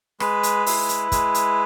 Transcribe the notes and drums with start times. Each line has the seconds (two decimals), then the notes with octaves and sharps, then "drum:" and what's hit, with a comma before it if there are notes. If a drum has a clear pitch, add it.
0.20 G#3 B4, drum: rim click
0.43 drum: hi-hat
0.66 E4, drum: open hi-hat
0.89 drum: hi-hat
1.12 G#3, drum: kick, hi-hat
1.34 drum: hi-hat